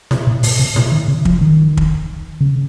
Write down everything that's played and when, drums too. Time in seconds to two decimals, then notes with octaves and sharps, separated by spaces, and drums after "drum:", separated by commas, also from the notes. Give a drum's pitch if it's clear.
0.11 C3, drum: snare E4
0.27 A#2
0.43 A#2, drum: open hi-hat
0.59 C3
0.76 A#2, drum: snare E4
0.92 D#3
1.08 C#3
1.25 F3, drum: kick
1.41 D#3
1.77 drum: kick
2.41 C#3